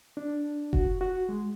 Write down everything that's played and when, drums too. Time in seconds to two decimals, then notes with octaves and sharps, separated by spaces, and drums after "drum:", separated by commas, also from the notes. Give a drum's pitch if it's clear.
0.17 D4
0.73 F#4, drum: kick F1
1.01 F#4
1.29 G#3